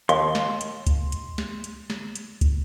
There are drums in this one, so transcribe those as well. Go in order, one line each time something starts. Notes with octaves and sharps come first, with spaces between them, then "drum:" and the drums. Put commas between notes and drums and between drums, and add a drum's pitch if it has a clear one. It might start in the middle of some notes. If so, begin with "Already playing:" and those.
D#2 C6, drum: hi-hat
drum: snare
drum: hi-hat
drum: kick C#2, hi-hat
drum: hi-hat
drum: snare
drum: hi-hat
drum: snare
drum: hi-hat
drum: kick C#2, hi-hat